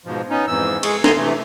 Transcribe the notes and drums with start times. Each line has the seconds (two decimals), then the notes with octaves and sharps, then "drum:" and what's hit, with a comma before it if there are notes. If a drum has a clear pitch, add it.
0.05 G#2 B2 F3
0.30 B3 C#4 D#4
0.47 F2 G#2 E3 E6
0.83 G#3 G#4 C#6, drum: cymbal
1.04 D#2 A3 B3 G#5 A#5 C6, drum: snare
1.16 C3 E3 A3